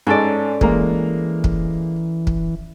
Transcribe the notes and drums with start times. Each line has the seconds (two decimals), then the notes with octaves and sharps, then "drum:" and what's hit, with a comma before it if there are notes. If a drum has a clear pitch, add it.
0.07 G#2 C#4 A4 D5
0.61 E3 G#3 A#3 A#5, drum: kick
1.44 drum: kick
2.27 drum: kick